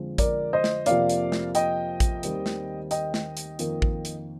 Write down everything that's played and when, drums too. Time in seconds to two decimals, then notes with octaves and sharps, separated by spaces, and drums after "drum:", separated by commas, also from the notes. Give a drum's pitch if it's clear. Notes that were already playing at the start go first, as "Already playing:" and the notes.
Already playing: F2 D3 F3 G#3 C4
0.18 A#4 D5, drum: kick A1, hi-hat
0.53 C5 D#5
0.64 drum: snare
0.86 F2 C3 F3 A#3 D5 F5, drum: hi-hat
1.09 drum: hi-hat
1.32 drum: snare
1.55 D#5 G5, drum: hi-hat
2.00 drum: kick A1, hi-hat
2.23 D#2 D#3 G3 C4, drum: hi-hat
2.46 drum: snare
2.91 D#5 G5, drum: hi-hat
3.14 drum: snare
3.37 drum: hi-hat
3.59 F2 D#3 A#3, drum: hi-hat
3.82 drum: kick A1
4.05 drum: hi-hat